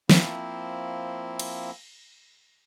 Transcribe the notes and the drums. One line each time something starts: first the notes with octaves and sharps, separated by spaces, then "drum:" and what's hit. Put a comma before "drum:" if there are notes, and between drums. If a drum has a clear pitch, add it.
F3 A#3 C4 E4, drum: snare
drum: cymbal